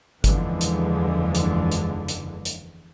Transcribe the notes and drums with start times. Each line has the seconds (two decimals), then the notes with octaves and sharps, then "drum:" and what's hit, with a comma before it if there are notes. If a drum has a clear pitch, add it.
0.24 F#1 E2 D3 E3 F3 G#3, drum: kick G1, hi-hat
0.61 drum: hi-hat
1.35 drum: hi-hat
1.72 drum: hi-hat
2.08 drum: hi-hat
2.45 drum: hi-hat